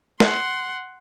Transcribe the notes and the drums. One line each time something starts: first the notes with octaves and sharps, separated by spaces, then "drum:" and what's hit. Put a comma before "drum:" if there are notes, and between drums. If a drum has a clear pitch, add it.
F#5 C6, drum: snare